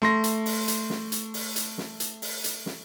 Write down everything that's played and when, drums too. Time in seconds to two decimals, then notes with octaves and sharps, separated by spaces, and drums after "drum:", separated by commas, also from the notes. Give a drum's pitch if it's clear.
0.02 A3 C6 A#6, drum: snare
0.24 drum: hi-hat
0.46 drum: open hi-hat
0.68 drum: hi-hat
0.90 drum: snare
1.12 drum: hi-hat
1.34 drum: open hi-hat
1.56 drum: hi-hat
1.78 drum: snare
2.00 drum: hi-hat
2.22 drum: open hi-hat
2.44 drum: hi-hat
2.66 drum: snare